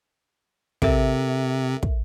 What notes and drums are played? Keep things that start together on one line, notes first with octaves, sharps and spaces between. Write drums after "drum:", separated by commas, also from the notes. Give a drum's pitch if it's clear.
C3 A4 A#4 E5, drum: kick
drum: kick